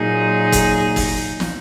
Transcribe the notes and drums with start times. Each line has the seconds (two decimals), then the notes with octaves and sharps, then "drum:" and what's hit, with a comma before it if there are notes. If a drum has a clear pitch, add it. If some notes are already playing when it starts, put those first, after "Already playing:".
Already playing: A#2 F#3 A#3 D#4 G#4
0.52 drum: kick, hi-hat
0.96 drum: kick, open hi-hat
1.40 drum: snare